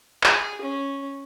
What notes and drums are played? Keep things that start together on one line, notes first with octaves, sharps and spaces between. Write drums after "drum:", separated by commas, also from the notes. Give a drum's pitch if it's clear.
G#4, drum: clap
C#4